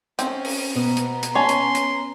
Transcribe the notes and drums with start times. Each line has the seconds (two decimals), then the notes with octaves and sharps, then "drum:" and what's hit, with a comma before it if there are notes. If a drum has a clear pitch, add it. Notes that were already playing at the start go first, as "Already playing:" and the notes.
0.19 C4 C#4, drum: hi-hat
0.45 drum: open hi-hat
0.76 B2 B3 A#5
0.97 drum: hi-hat
1.23 drum: hi-hat
1.35 C#4 C#5 G#5 A5 C6
1.49 drum: hi-hat
1.75 drum: hi-hat